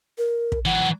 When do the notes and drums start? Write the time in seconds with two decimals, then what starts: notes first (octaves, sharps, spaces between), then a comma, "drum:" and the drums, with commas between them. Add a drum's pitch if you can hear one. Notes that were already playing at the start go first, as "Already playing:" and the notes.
0.18 A#4
0.52 drum: kick
0.66 E3 F#3 F#5